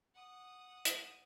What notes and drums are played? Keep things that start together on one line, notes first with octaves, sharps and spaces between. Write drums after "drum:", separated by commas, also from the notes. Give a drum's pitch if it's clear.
F#5 D#6
drum: hi-hat